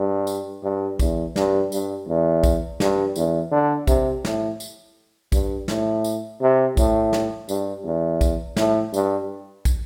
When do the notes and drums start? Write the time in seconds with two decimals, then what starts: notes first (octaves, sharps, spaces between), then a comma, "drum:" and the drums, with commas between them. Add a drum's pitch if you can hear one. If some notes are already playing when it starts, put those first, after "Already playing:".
Already playing: G2
0.27 drum: tambourine
0.63 G2
0.99 E2, drum: kick, tambourine
1.36 G2, drum: snare
1.72 G2, drum: tambourine
2.08 E2
2.44 drum: kick, tambourine
2.80 G2, drum: snare
3.16 E2, drum: tambourine
3.52 D3
3.87 C3, drum: kick, tambourine
4.25 A2, drum: snare
4.60 drum: tambourine
5.32 G2, drum: kick, tambourine
5.68 A2, drum: snare
6.04 drum: tambourine
6.41 C3
6.77 A2, drum: kick, tambourine
7.13 drum: snare
7.49 G2, drum: tambourine
7.84 E2
8.21 drum: kick, tambourine
8.56 A2, drum: snare
8.94 G2, drum: tambourine
9.65 drum: kick, tambourine